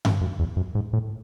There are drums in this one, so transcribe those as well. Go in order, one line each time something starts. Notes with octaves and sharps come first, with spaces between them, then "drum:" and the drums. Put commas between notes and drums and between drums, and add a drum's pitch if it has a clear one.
drum: tom G2
F#2
E2
F#2
G#2
A2